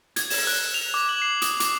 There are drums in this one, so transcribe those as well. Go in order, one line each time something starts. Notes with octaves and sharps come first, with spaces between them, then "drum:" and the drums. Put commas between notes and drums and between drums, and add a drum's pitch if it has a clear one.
G#6, drum: hi-hat
E7, drum: open hi-hat
F#6
F7
D6
F#7
C7
D#6, drum: hi-hat
D6, drum: hi-hat